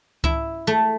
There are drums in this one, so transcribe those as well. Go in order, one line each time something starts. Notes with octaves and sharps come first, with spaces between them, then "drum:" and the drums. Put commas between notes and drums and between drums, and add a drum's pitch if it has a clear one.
E4, drum: kick C#2
A3